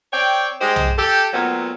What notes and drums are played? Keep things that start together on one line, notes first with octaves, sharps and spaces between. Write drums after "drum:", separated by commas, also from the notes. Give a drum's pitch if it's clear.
C4 C#5 D5 G5
G#3 D#4 G4 C5
drum: tom B1
G4 A4
A#2 F#3 A3 B3 C4